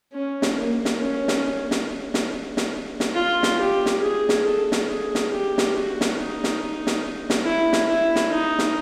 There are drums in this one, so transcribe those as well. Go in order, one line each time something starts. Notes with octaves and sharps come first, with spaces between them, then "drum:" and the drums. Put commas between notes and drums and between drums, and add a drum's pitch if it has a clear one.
C#4
drum: snare
A#3
drum: snare
C#4
drum: snare
drum: snare
drum: snare
drum: snare
drum: snare
F4
drum: snare
G4
drum: snare
G#4
drum: snare
A4
drum: snare
G#4
drum: snare
G4
drum: snare
F#4
drum: snare
D#4
drum: snare
drum: snare
drum: snare
E4
drum: snare
E4
drum: snare
D#4
drum: snare